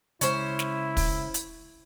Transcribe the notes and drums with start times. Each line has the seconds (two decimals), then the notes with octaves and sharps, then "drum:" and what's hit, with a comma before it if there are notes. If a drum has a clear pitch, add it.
0.21 C#3 G#3 C#4 E4 C5, drum: hi-hat
0.59 drum: snare
0.97 drum: kick, open hi-hat
1.34 drum: hi-hat